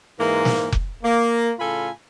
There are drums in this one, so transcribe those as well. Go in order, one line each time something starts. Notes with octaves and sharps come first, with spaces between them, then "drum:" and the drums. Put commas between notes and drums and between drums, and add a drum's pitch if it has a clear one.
G#2 E3 A#3
drum: snare
drum: kick F1
A#3
A2 C#3 F4 A4 G#5 B5